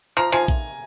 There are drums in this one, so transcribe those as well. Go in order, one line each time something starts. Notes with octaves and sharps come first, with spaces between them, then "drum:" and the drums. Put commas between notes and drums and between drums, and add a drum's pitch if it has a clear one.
F3 A#5
F3 G#5
drum: kick A#1